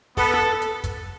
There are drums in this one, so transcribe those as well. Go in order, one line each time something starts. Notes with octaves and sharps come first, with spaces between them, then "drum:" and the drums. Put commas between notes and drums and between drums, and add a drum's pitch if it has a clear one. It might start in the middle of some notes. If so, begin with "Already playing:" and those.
B3 A4, drum: kick, open hi-hat
A4
drum: hi-hat
drum: kick, hi-hat